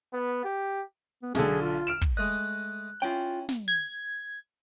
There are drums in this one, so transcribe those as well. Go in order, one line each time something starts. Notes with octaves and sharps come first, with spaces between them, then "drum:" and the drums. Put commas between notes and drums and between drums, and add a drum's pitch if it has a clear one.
B3
G4
B3
B1 D3 G#4, drum: snare
F4
F6 D7 E7
drum: kick
G#3 A3 D#5 F#6
C#4 E4 F4 G5
drum: snare
G#6